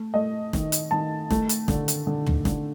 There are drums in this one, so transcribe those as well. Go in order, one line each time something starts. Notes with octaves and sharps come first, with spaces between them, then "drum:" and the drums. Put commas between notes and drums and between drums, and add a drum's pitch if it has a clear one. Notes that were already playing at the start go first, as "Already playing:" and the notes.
Already playing: A3
A3 D#5
D#3, drum: snare
drum: hi-hat
D#3 A5
A3, drum: snare
drum: hi-hat
D3, drum: snare
drum: hi-hat
D3
drum: tom
D3, drum: snare